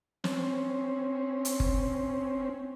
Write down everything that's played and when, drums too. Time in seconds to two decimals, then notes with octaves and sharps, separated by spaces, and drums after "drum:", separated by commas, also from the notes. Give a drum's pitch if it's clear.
0.24 C4 C#4, drum: snare
1.45 drum: hi-hat
1.60 drum: kick F#1